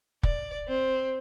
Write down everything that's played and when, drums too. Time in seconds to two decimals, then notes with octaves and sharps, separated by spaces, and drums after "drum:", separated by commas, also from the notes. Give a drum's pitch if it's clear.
0.23 D5, drum: kick
0.68 C4